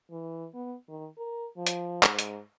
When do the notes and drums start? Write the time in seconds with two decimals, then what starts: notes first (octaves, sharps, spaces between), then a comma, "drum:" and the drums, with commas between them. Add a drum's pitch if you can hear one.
0.11 E3
0.54 B3
0.88 D#3
1.18 A#4
1.57 F3
1.67 drum: hi-hat
2.03 G#2, drum: clap
2.19 drum: hi-hat